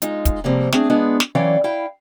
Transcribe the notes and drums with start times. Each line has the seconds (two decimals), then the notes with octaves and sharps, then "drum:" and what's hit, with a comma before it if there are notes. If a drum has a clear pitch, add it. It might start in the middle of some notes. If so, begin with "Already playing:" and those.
0.02 G#3 D#4 F4, drum: hi-hat
0.25 drum: kick, hi-hat
0.44 C3 F3 G3 G#3 A#3 C4
0.72 A3 C4 D4 G#4, drum: snare
0.90 G#3 B3 D4 F4 G#4
1.20 drum: snare
1.35 E3 F#3 C#4 D5 F5 G5
1.64 E4 F5 G5